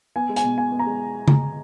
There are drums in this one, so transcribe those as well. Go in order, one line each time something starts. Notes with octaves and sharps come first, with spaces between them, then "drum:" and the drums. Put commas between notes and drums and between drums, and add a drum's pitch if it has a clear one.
B3 G#5
G#3
G#5, drum: hi-hat
B2
B2 G#5
B3
A#5
G#3
drum: tom C#3